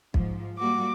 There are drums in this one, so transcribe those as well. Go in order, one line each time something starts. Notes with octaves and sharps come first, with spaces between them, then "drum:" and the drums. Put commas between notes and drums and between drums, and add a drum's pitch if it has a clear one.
G#2 F3, drum: kick
G3 A#3 F#4 D6